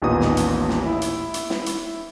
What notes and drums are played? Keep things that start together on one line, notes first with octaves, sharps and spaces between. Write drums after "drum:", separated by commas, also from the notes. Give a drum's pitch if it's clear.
A1 D#2 A#2 B3 D#4 D#6
drum: snare
drum: hi-hat
drum: snare
E4
drum: hi-hat
drum: hi-hat
drum: snare
drum: hi-hat